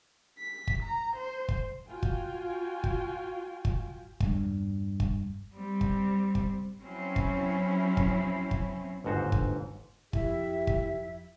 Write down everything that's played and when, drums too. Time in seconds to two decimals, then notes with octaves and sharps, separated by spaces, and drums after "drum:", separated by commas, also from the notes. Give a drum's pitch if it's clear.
0.39 B6
0.67 drum: kick
0.83 A#5
1.16 C5
1.49 drum: kick
1.89 F4 F#4 G5 G#5
2.03 drum: kick
2.84 drum: kick
3.65 drum: kick
4.20 E2 G2, drum: kick
5.00 drum: kick
5.54 G3 C4
5.81 drum: kick
6.35 drum: kick
6.80 F#3 C4 C#4 E4
7.16 drum: kick
7.97 drum: kick
8.51 drum: kick
9.04 G1 D#2 G#2 F#4 C5
9.32 drum: kick
10.13 F2 E4 G4 E5, drum: kick
10.67 drum: kick